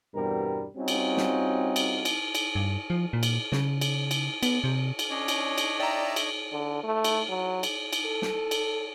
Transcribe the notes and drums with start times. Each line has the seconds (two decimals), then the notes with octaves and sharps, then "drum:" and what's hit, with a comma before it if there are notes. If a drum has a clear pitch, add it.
0.14 E2 G2 B2 G3 C4 A#4
0.76 G3 C4 C#4 D#4 F4 F#4
0.88 drum: cymbal
1.17 drum: snare
1.76 drum: cymbal
2.05 drum: cymbal
2.35 drum: cymbal
2.55 G2
2.90 F3
3.13 A#2
3.23 drum: cymbal
3.52 C#3, drum: snare
3.81 drum: cymbal
4.11 drum: cymbal
4.43 B3, drum: cymbal
4.64 C3
4.99 drum: cymbal
5.10 C#4 D4 C#5 D#5 D6
5.28 drum: cymbal
5.58 drum: cymbal
5.80 D5 E5 G5 A#5
6.16 drum: cymbal
6.52 D3
6.84 A3
7.04 drum: cymbal
7.29 F#3
7.63 drum: cymbal
7.93 drum: cymbal
8.05 A4
8.22 drum: snare
8.51 drum: cymbal